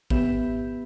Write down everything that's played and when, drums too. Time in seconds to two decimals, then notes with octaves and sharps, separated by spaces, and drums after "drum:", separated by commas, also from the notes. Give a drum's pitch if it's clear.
0.10 B3 G4 B4 E5, drum: kick A1